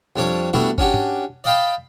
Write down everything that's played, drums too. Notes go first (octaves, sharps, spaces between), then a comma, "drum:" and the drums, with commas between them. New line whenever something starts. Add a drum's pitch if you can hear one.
F2 G3 D4 C#5 D6
G3 A3 B3 D4 E4 F#4
C#4 D4 F#4 G4, drum: kick G1
drum: tom
D5 D#5 F5 G5 A5 B5